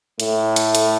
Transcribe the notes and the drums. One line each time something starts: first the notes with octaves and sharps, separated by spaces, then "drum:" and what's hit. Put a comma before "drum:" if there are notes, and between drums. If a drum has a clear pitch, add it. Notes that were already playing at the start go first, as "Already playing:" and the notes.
A2 A3, drum: hi-hat
drum: hi-hat
drum: hi-hat